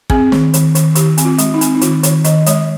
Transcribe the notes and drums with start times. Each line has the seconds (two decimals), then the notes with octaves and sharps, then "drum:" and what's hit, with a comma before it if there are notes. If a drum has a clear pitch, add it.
0.10 C4 G#4, drum: kick
0.32 D#3, drum: snare
0.54 D#3, drum: hi-hat
0.75 D#3, drum: hi-hat
0.95 D#3 G4, drum: hi-hat
1.18 C4, drum: hi-hat
1.25 F4
1.38 G#3, drum: hi-hat
1.54 D#4
1.61 C4, drum: hi-hat
1.75 D#4
1.81 D#3 F4, drum: hi-hat
2.03 D#3 C#5, drum: hi-hat
2.24 D#3 D#5, drum: hi-hat
2.46 G#3 C#5, drum: hi-hat